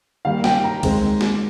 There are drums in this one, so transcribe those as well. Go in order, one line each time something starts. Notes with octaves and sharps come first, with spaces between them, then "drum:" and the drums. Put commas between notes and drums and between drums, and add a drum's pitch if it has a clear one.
D#3 G3 A#3 F5
G5, drum: snare
A#5
D#3 G#3 C4, drum: kick C2, cymbal
drum: snare